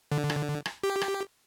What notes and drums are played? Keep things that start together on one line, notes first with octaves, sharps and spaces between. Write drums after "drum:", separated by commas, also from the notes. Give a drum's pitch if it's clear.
D3
drum: rim click
drum: rim click
G4
drum: rim click